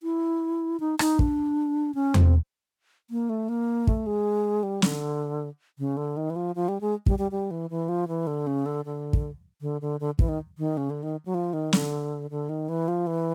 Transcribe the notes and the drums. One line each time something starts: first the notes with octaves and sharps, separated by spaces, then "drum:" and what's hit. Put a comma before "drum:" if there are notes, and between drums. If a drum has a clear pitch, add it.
E4
D#4
D#4, drum: rim click
D4, drum: kick
C#4
C4, drum: tom E2
A#3
A3
A#3
A3, drum: kick
G#3
G3
D3, drum: snare
C#3
D3
D#3
E3
F3
F3
G3
G#3
G3, drum: kick
G3
G3
E3
E3
F3
E3
D3
C#3
D3
D3
drum: kick
D3
D3
D3
E3, drum: kick
D#3
D#3
C#3
D3
D#3
F#3
F3
D#3
D3, drum: snare
D3
D#3
E3
F3
E3